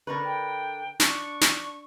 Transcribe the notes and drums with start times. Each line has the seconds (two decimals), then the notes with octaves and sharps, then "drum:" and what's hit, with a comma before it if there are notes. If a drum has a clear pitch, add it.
0.07 D3 A#4 B4 C#6
0.24 G5
1.00 D4 C#6, drum: snare
1.41 drum: snare